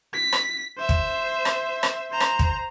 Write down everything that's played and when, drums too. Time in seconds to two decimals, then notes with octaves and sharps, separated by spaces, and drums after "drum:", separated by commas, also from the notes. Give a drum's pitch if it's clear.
0.14 B6
0.32 drum: rim click
0.78 C5 E5
0.89 drum: kick
1.45 drum: rim click
1.83 drum: rim click
2.11 C5 A#5
2.20 drum: rim click
2.39 drum: kick